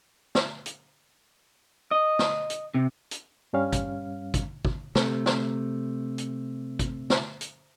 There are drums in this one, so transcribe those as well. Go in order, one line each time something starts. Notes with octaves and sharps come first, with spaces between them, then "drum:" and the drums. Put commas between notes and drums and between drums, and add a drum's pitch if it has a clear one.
drum: snare
drum: hi-hat
D#5
drum: snare
drum: hi-hat
C3
drum: hi-hat
G2 G3 C#4 F5
drum: kick, hi-hat
drum: kick, hi-hat
drum: kick
C3 A3, drum: snare
drum: snare
drum: hi-hat
drum: kick, hi-hat
drum: snare
drum: hi-hat